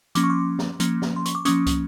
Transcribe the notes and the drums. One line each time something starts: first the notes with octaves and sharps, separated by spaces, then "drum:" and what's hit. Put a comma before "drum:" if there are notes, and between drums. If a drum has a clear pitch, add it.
F3 A#3 C#4 D6, drum: hi-hat
C#6
C6 D6
drum: snare
F3 A#3 C#4, drum: hi-hat
drum: snare
C6
C#6, drum: hi-hat
D6
F3 A#3 C#4 C#6 D#6, drum: hi-hat
drum: kick, hi-hat